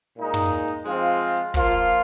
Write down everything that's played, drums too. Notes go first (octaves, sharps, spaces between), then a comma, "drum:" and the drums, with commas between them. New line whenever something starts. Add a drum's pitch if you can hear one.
A#2 G#3 D#4
drum: tom
drum: hi-hat
F3 G#3 C4 F4, drum: hi-hat
drum: hi-hat
drum: hi-hat
F3 A#3 F4, drum: kick
drum: hi-hat